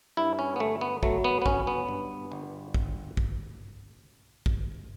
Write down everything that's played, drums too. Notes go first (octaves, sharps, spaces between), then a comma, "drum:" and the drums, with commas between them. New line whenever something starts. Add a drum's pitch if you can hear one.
G2 E4
C#4
B3
G1 A3
B3
F#3 A3, drum: kick
B3
B3
G1 C#4, drum: kick
B3
G2
G1
drum: kick
drum: kick
drum: kick